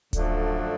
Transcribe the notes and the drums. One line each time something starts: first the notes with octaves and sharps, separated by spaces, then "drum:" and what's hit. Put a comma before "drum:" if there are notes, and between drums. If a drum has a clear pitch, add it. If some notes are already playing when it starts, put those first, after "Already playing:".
F#2 D3 F3 A3 D4, drum: kick D1, hi-hat